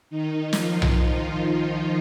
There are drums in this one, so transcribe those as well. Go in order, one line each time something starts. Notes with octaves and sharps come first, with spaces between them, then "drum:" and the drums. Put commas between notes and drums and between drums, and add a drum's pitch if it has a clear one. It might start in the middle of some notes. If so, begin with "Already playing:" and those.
D#3 D#4
F3 F4, drum: snare
drum: tom B1